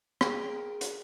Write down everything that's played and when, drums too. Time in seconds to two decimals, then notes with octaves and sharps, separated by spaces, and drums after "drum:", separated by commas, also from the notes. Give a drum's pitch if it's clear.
0.21 G#4 A#4 G5, drum: rim click
0.81 drum: hi-hat